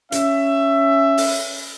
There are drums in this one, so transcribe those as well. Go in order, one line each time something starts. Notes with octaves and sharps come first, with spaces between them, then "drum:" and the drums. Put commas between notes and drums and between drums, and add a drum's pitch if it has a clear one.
C#4 E5, drum: hi-hat
drum: open hi-hat